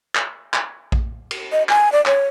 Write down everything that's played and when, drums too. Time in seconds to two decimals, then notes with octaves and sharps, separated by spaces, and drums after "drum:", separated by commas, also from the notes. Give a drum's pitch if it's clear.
0.15 drum: clap
0.54 drum: clap
0.92 drum: kick A#1
1.31 drum: cymbal
1.52 D#5
1.69 G#5, drum: clap
1.92 D5
2.06 C#5, drum: clap